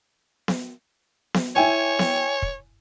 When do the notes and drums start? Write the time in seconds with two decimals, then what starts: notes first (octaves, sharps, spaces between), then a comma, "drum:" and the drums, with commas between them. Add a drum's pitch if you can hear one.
0.48 drum: snare B3
1.34 drum: snare B3
1.56 E4 C#5 G5 G#5
1.99 drum: snare B3
2.42 drum: kick